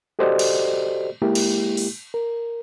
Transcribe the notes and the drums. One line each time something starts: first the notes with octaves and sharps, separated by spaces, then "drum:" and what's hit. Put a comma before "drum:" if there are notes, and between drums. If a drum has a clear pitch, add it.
F#4 G4 A4 C5 D5 D#5
drum: cymbal
G#3 A#3 E4 G4
drum: cymbal
drum: open hi-hat
A#4